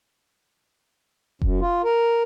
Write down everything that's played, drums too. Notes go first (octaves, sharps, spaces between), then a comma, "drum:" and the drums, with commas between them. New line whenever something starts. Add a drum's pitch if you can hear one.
F#2, drum: kick F1
F4
A#4